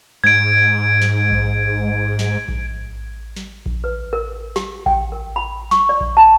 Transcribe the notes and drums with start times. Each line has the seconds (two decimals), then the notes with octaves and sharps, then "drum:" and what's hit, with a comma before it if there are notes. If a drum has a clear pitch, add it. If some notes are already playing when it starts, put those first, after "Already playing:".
0.24 G#2 G#6 D7
1.02 drum: snare
1.31 drum: kick A#1
2.19 drum: snare
2.48 drum: kick A#1
3.36 drum: snare
3.66 drum: kick A#1
3.84 B4
4.13 A#4
4.56 G4, drum: snare
4.86 G5, drum: kick A#1
5.12 A#4
5.36 B5
5.71 C#6, drum: snare
5.89 D5
6.01 drum: kick A#1
6.17 A5